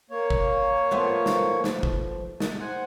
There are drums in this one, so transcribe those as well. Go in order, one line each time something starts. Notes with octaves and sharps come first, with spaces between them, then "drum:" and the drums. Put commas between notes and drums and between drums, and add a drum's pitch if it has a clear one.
A#3 C#5
drum: kick
F3 A3 B3
drum: snare
drum: snare
drum: kick
drum: snare
C5 F#5 G#5